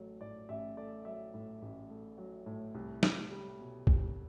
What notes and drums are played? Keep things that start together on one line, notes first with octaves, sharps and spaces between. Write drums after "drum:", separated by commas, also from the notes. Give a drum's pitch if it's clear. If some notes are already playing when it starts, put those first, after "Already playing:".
Already playing: A1 F#3 A3
A2 D5
A1 E5
A3 D5
F#3 E5
A2
A1
A3
F#3
A2
C2
C2, drum: snare
G3
B2
C2, drum: kick